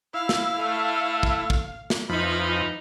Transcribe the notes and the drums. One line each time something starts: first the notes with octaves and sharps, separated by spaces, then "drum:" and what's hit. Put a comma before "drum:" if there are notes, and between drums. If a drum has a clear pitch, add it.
E4 F5
drum: snare
A3
drum: kick
drum: kick
drum: snare
F2 E3 F3 D#4 B5